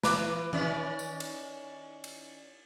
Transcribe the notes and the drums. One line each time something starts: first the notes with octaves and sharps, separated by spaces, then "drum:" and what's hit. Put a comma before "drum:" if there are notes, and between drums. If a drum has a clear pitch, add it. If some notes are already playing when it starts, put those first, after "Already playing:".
E3 B4 D6, drum: snare
D#3 C#4 D5, drum: tom E3
drum: tambourine
drum: cymbal
drum: cymbal